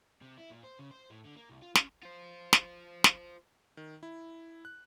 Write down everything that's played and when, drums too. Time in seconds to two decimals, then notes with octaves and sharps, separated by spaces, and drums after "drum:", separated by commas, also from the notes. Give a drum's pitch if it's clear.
0.22 C3
0.37 E4
0.50 A#2
0.63 C5
0.79 C#3
0.91 C5
1.10 A2
1.25 D3
1.37 A#3
1.49 C2
1.62 F4
1.75 C#4, drum: snare
2.03 F4 C5
2.53 drum: snare
3.04 drum: snare
3.77 D#3
4.03 E4
4.65 F#6